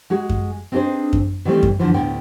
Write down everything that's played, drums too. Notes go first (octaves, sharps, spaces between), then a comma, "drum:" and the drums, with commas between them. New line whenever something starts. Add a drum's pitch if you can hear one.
G#3 F#4 G#4
drum: kick F#2
C4 D4 D#4 G#4 B4 C5
drum: kick F#2
D#3 E3 G3 A3 C4
drum: kick F#2
E2 D3 E3 F3
D2 A2 D3 B3 G5